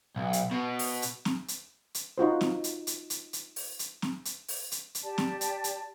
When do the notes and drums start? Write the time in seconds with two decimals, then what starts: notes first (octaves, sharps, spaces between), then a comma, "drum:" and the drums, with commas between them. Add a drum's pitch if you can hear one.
0.16 B1
0.33 drum: hi-hat
0.52 B2
0.79 drum: open hi-hat
1.02 drum: hi-hat
1.25 drum: snare C4
1.48 drum: hi-hat
1.95 drum: hi-hat
2.18 D#4 F4 F#4 C5
2.41 drum: snare C4
2.64 drum: hi-hat
2.87 drum: hi-hat
3.10 drum: hi-hat
3.33 drum: hi-hat
3.56 drum: open hi-hat
3.79 drum: hi-hat
4.02 drum: snare C4
4.25 drum: hi-hat
4.48 drum: open hi-hat
4.72 drum: hi-hat
4.95 drum: hi-hat
5.04 G4 D5 A5
5.18 drum: snare C4
5.41 drum: hi-hat
5.64 drum: hi-hat